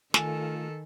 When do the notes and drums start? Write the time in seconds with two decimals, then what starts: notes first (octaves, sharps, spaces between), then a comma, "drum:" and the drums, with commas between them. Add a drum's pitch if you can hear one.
0.14 D#3 A3 F4 A4 G#5, drum: snare